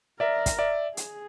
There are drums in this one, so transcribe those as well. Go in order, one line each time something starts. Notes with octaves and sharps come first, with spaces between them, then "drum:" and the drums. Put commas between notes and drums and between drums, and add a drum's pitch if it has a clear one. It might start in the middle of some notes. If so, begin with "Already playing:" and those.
A#4 D5 E5
drum: kick, hi-hat
D5 E5
G#4, drum: hi-hat